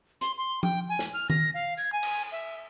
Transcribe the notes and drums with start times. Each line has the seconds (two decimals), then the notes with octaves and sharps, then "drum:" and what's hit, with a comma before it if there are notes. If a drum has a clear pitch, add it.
0.21 C6, drum: hi-hat
0.38 C6
0.63 G5, drum: tom F3
0.89 G#5
0.99 drum: snare
1.13 F6
1.30 A#6, drum: tom D#3
1.54 F5
1.77 G#6, drum: tambourine
1.93 G#5
2.03 drum: cymbal
2.32 E5